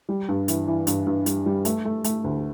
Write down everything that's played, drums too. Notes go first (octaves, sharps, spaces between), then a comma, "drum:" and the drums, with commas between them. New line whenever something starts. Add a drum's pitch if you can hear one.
G3
G2
E3, drum: hi-hat
E3
G2, drum: hi-hat
G2
G3, drum: hi-hat
G3
A3, drum: hi-hat
A3
A3, drum: hi-hat
D2